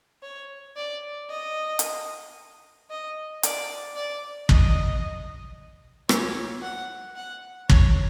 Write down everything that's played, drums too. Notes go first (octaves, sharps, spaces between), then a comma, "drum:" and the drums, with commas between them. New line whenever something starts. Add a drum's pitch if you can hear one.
C#5
D5
D#5
drum: hi-hat
D#5
D5, drum: hi-hat
D5
D#5, drum: kick
C#5, drum: rim click
F#5
F#5
C#5, drum: kick